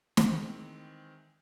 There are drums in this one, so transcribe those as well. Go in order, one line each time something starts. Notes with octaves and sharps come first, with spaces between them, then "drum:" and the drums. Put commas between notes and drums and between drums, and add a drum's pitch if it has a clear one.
D#3 E3 G#3 C4, drum: snare